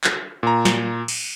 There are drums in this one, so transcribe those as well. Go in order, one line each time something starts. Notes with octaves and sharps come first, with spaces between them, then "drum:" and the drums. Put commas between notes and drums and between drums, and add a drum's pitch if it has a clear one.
drum: clap
A#2 A#5
drum: snare
drum: cymbal